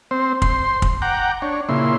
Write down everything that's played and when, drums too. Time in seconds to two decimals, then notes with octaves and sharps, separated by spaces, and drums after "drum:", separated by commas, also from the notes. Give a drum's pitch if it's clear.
0.11 C4 C5
0.42 C5 C6, drum: kick
0.82 drum: kick
1.02 F#5 G5 A#5 D6
1.42 D4 C#5
1.69 A#2 C#3 E4 C6